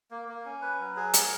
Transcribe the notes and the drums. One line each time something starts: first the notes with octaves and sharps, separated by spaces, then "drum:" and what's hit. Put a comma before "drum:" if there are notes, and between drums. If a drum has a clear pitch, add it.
A#3
A#3
C#4
B4
F#3
G#4
A#4, drum: hi-hat